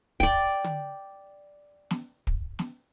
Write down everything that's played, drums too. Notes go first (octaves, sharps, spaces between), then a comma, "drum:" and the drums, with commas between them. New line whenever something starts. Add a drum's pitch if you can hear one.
D5 G5, drum: kick
drum: tom D3
drum: snare
drum: kick
drum: snare